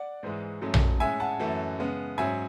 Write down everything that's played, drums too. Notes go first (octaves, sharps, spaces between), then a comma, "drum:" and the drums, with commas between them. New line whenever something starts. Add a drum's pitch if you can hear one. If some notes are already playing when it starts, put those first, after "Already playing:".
Already playing: D5 F#5
G#2 E3 G#3
G#2 F#3 A3 C#4
drum: tom A#1
A2 G#3 C#4 E5 G#5
F#5 A5
F#2 E3 A3 C#4
C#3 G#3 B3
G#2 F#3 C#4 E5 G#5